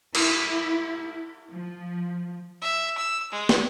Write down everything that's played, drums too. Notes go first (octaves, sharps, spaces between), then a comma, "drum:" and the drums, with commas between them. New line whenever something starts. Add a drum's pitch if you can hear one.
E4, drum: cymbal
F3
E5
E6
G#3
drum: snare